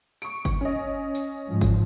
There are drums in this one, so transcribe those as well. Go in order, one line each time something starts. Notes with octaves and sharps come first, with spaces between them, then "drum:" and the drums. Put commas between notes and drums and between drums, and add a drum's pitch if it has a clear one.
C#6 D7, drum: tambourine
drum: kick F#1, tambourine
C#4 D#5
drum: tambourine
G#2 F3
drum: kick F#1, tambourine